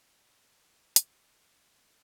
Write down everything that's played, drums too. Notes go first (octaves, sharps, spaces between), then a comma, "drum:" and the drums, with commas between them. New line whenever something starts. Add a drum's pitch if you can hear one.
B4 E5
drum: hi-hat